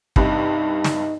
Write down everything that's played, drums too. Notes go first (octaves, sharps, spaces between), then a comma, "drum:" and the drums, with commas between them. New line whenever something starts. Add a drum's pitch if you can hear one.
C2 G2 D#4, drum: kick
drum: snare